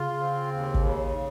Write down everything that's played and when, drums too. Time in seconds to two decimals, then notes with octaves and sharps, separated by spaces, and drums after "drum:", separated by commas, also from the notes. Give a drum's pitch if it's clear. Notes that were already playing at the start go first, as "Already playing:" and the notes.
Already playing: C#3 F4
0.20 C4
0.53 D#2
0.74 drum: kick
0.85 C#3